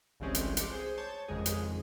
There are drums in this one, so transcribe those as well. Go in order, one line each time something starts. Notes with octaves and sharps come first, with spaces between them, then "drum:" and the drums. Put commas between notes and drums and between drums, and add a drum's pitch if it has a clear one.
G1 C2 E3 G#3 C4 C#4
drum: hi-hat
D6 C#7 D7, drum: hi-hat
G#4 C5
C#5 A5 G6
G#1 F2 C#3 G#3 G#4
drum: hi-hat